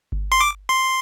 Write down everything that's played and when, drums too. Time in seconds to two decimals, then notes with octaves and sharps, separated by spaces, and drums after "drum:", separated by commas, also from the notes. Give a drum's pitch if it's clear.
0.12 drum: kick G1
0.32 C6
0.41 D6
0.69 C6